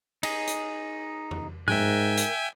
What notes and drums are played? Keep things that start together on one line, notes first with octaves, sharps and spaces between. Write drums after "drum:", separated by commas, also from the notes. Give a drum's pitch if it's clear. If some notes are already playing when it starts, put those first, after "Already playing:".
D#4 G#4, drum: cymbal
drum: hi-hat
drum: tom F2
G#2 A#4 E5 G5 G#5 F#6, drum: tom G2
drum: hi-hat